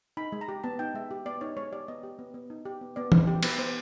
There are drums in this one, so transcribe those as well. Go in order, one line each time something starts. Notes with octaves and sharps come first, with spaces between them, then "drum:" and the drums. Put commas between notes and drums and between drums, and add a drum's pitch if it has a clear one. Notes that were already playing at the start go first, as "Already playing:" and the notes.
D#4 B5
G#3
A#5
G4
B3 A5
D#4 G5
G#3 E5
G4
B3 D5
D#4 C#5
G#3 C#5
G4 D5
B3 D#5
G4
B3
B3
D#4
G4
B3
B3 D5
D#4 C5, drum: tom E3
G4
B3 B4, drum: cymbal
B3 C5